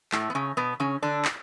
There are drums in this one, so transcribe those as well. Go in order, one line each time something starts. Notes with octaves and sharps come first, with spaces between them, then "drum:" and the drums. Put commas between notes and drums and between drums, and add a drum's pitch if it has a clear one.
A2 A3, drum: clap
B3
C#3 C#4
B2 B3
C#3 C#4
D3 D4
drum: clap